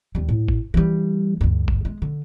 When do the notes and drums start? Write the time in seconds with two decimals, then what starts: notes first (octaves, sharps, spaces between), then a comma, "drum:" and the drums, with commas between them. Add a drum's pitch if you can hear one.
0.15 D#2 G3
0.29 A2
0.48 drum: kick G#1
0.74 E3 G3
1.41 D2 G2
1.68 drum: kick G#1
1.85 G#3
2.02 D3